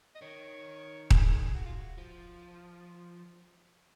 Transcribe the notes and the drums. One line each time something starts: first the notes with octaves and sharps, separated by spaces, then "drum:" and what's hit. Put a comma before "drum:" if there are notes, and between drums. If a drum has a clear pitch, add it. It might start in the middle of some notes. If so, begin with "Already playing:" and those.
D#5
D#3 C#5
G#4, drum: kick D#1
F#4
F4
F#4
F3